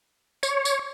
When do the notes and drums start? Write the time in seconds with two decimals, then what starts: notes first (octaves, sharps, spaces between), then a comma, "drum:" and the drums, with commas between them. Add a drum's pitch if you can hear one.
0.43 C#5, drum: tambourine
0.65 drum: tambourine